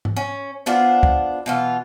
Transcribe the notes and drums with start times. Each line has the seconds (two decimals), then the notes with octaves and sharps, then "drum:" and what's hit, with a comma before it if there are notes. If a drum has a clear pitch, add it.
0.05 drum: tom G#2
0.16 C#4
0.66 B3 D4 F4 C5
1.03 drum: kick
1.46 B2 E3 F4